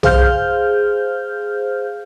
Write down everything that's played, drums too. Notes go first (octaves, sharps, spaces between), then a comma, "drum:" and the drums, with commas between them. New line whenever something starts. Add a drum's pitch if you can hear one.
G#4 C5 F5 F6 G6, drum: tom B1